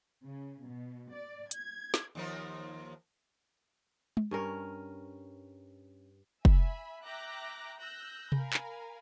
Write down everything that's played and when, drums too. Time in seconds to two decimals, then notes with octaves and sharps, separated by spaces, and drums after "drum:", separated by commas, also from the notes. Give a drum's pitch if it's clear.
0.23 C#3
0.65 B2
1.13 D5
1.51 G#6, drum: hi-hat
1.94 drum: snare
2.15 D#2 F3 A#4
4.17 drum: tom G#3
4.31 G2 C#4 A#4
6.45 E5 G#5 B5, drum: kick
7.04 E5 G5 A#5 D6 F#6 A#6
7.80 E6 F#6 G6 A#6
8.32 A#4 F5 G#5 B5, drum: tom C3
8.53 drum: clap